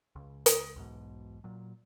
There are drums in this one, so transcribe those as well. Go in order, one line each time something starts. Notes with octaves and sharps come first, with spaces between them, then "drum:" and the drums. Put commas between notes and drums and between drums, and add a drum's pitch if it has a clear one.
C#2
drum: hi-hat
B1 E2 G#2 B2
A#2 F#3